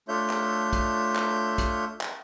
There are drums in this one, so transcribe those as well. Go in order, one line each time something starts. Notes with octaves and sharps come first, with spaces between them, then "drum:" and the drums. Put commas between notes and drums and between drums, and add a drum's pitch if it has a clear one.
A3 D4 F4 C#5 E5 G6
drum: clap
drum: kick, hi-hat
drum: clap
drum: kick, hi-hat
drum: clap